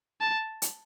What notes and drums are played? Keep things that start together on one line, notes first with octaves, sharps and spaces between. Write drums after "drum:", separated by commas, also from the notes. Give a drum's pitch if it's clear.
A5
drum: hi-hat